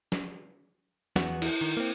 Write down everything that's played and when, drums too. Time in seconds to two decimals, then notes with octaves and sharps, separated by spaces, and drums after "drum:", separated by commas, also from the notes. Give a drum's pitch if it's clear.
0.12 drum: snare
1.16 E2 B3 F#4, drum: snare
1.42 E4, drum: cymbal
1.61 D#3
1.77 A#3 C4